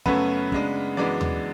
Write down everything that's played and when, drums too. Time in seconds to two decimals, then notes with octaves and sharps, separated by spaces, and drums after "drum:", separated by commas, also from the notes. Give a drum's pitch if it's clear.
0.06 F#2 C#3 F#3 A3 B3 C#4 B4, drum: kick
0.52 C#3 G#3 D4, drum: kick
0.97 F#2 E3 G#3 B3 D4 D5
1.21 drum: tom D#2